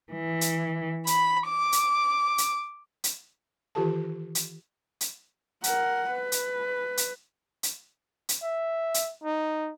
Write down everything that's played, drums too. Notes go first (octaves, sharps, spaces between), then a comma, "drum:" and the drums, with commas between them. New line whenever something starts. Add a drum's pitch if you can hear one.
E3
drum: hi-hat
B5, drum: hi-hat
D6
drum: hi-hat
drum: hi-hat
drum: hi-hat
D#3 E3 F4 G4 A4 A5
drum: hi-hat
drum: hi-hat
A#4 F#5, drum: hi-hat
B4
drum: hi-hat
drum: hi-hat
drum: hi-hat
drum: hi-hat
E5
drum: hi-hat
D#4